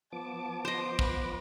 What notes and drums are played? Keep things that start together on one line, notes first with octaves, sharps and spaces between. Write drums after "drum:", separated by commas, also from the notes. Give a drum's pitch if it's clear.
F3 B3 A5 D6
C5 D#5
B4, drum: kick